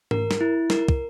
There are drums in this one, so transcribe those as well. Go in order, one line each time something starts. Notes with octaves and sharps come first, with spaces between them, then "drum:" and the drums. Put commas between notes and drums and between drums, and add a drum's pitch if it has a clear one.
A#4, drum: tom G#2
drum: snare
E4
A#4, drum: snare
drum: kick